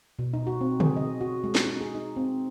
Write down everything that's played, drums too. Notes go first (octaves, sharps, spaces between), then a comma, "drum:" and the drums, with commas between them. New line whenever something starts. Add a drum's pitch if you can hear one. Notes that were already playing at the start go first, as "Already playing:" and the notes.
B2
D#4
F#4
C4
G#4, drum: tom C#3
D#5
F#4
G#3
drum: snare
D#4
G#4
D#4
C4